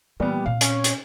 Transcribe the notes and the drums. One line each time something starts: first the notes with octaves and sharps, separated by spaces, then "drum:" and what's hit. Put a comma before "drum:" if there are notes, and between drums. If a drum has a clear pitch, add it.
A#2 E3 G3 B3
A#2 C4 F5
C#4, drum: hi-hat
drum: hi-hat